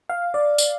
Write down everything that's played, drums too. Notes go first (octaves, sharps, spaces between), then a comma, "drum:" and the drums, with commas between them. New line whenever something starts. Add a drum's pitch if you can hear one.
F5
D5
drum: tambourine